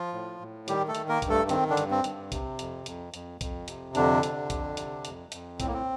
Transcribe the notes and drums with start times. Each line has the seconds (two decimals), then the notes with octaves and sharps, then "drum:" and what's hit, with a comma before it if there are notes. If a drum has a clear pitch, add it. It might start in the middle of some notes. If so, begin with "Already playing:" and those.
Already playing: F3 F4
0.13 A2
0.41 A2
0.68 D#3 G3 G4, drum: hi-hat
0.88 A3 A4
0.95 D#3, drum: hi-hat
1.09 A#3 A#4
1.22 G2, drum: kick B1, hi-hat
1.29 A3 A4
1.49 D#3 C4, drum: hi-hat
1.70 D3 D4
1.77 G2, drum: hi-hat
1.91 C4
2.04 G2, drum: hi-hat
2.32 C3, drum: kick B1, hi-hat
2.59 F2, drum: hi-hat
2.86 F2, drum: hi-hat
3.14 F2, drum: hi-hat
3.41 F2, drum: kick B1, hi-hat
3.68 C3, drum: hi-hat
3.95 F2 D3 D4, drum: hi-hat
4.23 C3, drum: hi-hat
4.50 F2, drum: kick B1, hi-hat
4.77 C3, drum: hi-hat
5.05 F2, drum: hi-hat
5.32 F2, drum: hi-hat
5.60 A2 C4, drum: kick B1, hi-hat
5.67 A#3
5.74 C4